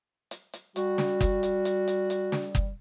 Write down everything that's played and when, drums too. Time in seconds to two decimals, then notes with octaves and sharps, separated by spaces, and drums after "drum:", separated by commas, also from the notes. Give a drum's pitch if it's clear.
0.31 drum: hi-hat
0.53 drum: hi-hat
0.76 G3 F#4, drum: hi-hat
0.98 drum: snare
1.21 drum: kick F#1, hi-hat
1.43 drum: hi-hat
1.65 drum: hi-hat
1.88 drum: hi-hat
2.10 drum: hi-hat
2.32 drum: snare
2.55 drum: kick F#1